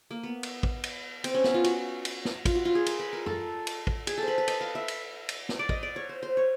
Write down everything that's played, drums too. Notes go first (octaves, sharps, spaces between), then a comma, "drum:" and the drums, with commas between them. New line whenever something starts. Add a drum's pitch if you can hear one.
A#3
B3
drum: cymbal
drum: kick
drum: cymbal
C4, drum: cymbal
C#4
B3, drum: snare
F4
F#4, drum: cymbal
drum: cymbal
drum: snare
F4, drum: kick, cymbal
F#4
F4
G#4
A#4, drum: cymbal
B4
A#4
A4, drum: tom
drum: cymbal
drum: kick
G#4, drum: cymbal
A4 C5
B4
B4
D#5, drum: cymbal
F5
E5
drum: cymbal
drum: cymbal
drum: snare
D5
D#5, drum: kick
D5
C#5
C5
C5
C#5